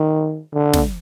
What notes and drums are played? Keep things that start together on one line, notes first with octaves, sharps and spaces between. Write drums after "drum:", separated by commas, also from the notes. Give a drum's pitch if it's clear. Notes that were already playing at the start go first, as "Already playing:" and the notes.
Already playing: D#3
D3
drum: snare